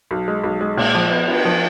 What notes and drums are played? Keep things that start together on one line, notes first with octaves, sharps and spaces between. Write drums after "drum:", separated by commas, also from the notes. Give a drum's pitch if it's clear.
B1
G#3
B1
G#3
A#2, drum: cymbal
F3
B3
B3, drum: cymbal
F3